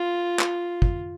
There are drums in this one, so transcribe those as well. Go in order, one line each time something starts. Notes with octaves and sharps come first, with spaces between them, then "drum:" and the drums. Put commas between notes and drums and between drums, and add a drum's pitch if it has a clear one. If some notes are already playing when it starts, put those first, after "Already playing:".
Already playing: F4
drum: clap
drum: kick